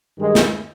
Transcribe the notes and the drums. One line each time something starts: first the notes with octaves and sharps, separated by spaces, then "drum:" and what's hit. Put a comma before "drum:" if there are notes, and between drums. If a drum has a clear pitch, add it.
G2 D#3 G#3
drum: snare